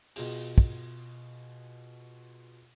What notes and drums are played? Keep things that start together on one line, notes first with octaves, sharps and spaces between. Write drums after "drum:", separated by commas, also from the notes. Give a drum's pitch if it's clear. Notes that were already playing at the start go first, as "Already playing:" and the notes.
B2 F4 G#4, drum: open hi-hat
drum: kick